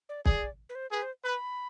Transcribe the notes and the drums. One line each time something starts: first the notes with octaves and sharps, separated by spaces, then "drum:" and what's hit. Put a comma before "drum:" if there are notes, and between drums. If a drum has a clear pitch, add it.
D5
G#4 D5, drum: kick
B4
C5
G#4 B4
C5
B4 B5